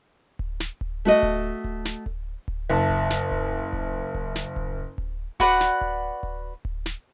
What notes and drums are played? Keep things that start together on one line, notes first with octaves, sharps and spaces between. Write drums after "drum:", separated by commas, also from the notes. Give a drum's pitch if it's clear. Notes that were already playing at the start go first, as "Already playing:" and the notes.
drum: kick D1
drum: snare
drum: kick D1
A3 F#4 D#5
drum: kick D1
drum: kick D1
drum: snare
drum: kick D1
drum: kick D1
F#1 E5 A5
drum: kick D1
drum: snare
drum: kick D1
drum: kick D1
drum: kick D1
drum: snare
drum: kick D1
drum: kick D1
F#4 B4 D5 F#5, drum: kick D1
drum: snare
drum: kick D1
drum: kick D1
drum: kick D1
drum: snare